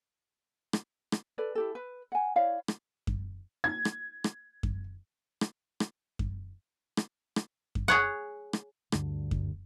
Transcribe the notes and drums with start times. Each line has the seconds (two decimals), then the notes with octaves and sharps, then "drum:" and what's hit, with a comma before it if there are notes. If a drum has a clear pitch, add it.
0.73 drum: rim click
1.12 drum: rim click
1.38 A4 B4 D5
1.55 E4 G4 A4
1.75 B4
2.12 F#5 G#5
2.36 E4 C#5 D5 F5
2.68 drum: rim click
3.07 drum: kick F#2
3.64 G#6
3.85 drum: rim click
4.24 drum: rim click
4.63 drum: kick F#2
5.41 drum: rim click
5.80 drum: rim click
6.19 drum: kick F#2
6.97 drum: rim click
7.36 drum: rim click
7.75 drum: kick F#2
7.88 G#4 C#5 F#5
8.53 drum: rim click
8.92 D2 G2 D3 D4, drum: rim click
9.31 drum: kick F#2